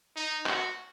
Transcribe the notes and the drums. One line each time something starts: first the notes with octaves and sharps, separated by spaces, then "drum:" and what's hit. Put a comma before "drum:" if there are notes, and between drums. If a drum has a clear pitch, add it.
D#4
F#4, drum: clap